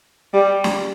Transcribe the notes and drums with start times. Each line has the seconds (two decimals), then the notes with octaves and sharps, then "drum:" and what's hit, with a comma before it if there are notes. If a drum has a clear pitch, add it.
0.34 G3
0.64 drum: snare